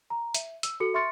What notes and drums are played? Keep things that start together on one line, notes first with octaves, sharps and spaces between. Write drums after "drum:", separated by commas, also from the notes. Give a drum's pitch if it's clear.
A#5
E5, drum: hi-hat
E6, drum: hi-hat
F#4 A4 C#7
E5 C6 C#6 F6 A6 C#7